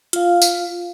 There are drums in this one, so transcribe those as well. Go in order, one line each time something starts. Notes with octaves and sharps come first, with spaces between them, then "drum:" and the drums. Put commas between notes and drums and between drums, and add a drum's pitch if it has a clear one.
F4 F5, drum: hi-hat
drum: tambourine